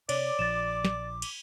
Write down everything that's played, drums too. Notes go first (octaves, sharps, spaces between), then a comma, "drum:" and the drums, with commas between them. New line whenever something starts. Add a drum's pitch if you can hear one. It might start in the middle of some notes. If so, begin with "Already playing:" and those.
C3 C#5 D5 D6, drum: cymbal
A#1 F3 A6 E7
drum: snare
drum: cymbal